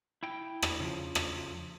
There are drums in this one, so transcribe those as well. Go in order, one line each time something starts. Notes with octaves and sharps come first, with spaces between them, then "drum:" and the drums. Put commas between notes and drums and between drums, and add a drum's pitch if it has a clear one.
E4 G5
drum: rim click
C#3 F3
drum: rim click